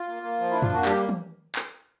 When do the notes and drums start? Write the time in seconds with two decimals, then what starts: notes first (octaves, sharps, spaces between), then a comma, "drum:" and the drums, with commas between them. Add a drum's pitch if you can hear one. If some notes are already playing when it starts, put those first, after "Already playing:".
Already playing: F4
0.08 A#3
0.23 A#3
0.40 F3
0.51 D4 E4
0.62 F4, drum: tom
0.71 A#3 F#4
0.85 G3 G4, drum: clap
1.09 drum: tom
1.55 drum: clap